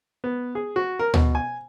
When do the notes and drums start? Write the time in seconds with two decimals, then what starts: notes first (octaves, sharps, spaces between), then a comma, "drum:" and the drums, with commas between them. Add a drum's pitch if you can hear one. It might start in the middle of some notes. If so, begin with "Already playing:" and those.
0.24 B3
0.55 G#4
0.76 F#4
0.99 A#4
1.14 B2, drum: tom
1.35 G#5